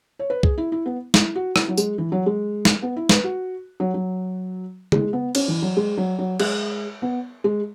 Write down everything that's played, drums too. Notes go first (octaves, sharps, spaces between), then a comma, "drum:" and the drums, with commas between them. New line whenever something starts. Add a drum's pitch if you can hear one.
C#5
B4
G#4, drum: kick
E4
E4
B3
E4, drum: snare
F#4
E4, drum: rim click
F#3
G#3, drum: tambourine
E3
F#3
G#3
drum: snare
B3
E4
B4, drum: snare
F#4
F#3
F#3
G#3, drum: tom C#3
B3
C#4, drum: cymbal
E3
F#3
G#3
F#3
F#3
G#3, drum: cymbal
B3
G#3